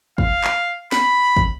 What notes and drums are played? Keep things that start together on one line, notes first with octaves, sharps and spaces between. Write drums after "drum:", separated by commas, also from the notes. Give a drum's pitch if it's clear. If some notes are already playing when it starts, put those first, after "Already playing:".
F5, drum: kick
drum: clap
B5, drum: snare
drum: kick